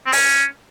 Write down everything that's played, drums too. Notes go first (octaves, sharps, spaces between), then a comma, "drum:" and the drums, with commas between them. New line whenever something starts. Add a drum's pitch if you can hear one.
C4
C#4, drum: open hi-hat